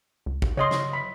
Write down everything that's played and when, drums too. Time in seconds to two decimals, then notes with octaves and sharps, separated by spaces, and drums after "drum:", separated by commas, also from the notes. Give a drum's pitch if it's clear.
0.26 C#2
0.42 drum: kick
0.57 C#3 C#5 D#5 C6
0.71 drum: snare
0.93 B5